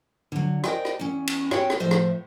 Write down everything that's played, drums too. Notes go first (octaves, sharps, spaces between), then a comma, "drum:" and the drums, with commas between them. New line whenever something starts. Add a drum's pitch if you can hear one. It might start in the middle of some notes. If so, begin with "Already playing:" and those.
D3 F#3
A#4 C5 D5 D#5 G5 G#5, drum: rim click
drum: rim click
E2 C#4
drum: cymbal
C4 F#4 G4 C#5 G5 G#5, drum: rim click
drum: rim click
A2 F3 C5 E5
drum: rim click